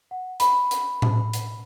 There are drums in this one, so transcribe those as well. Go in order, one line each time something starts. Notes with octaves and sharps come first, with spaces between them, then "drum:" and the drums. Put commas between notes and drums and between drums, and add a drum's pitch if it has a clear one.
F#5
B5, drum: hi-hat
drum: hi-hat
drum: tom A2
drum: hi-hat